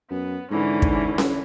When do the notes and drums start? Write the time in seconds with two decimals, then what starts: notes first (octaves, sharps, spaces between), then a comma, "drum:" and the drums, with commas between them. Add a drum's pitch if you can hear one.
0.10 F#2 B3
0.51 G#2 D3 E3 C#4
0.82 drum: kick
1.18 drum: snare C#4